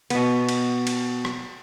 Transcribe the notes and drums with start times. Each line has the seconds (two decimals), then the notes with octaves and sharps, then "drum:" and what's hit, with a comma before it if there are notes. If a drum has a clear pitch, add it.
0.10 B2 B3, drum: cymbal
0.49 drum: cymbal
0.87 drum: cymbal
1.25 drum: rim click